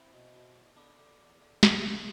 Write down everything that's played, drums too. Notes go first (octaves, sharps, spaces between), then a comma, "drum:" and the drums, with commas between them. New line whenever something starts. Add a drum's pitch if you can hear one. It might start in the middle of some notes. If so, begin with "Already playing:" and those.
Already playing: C4 E4
B2
B2
E2
D3 B3 D4
D3
E2
D3
D3, drum: snare
E2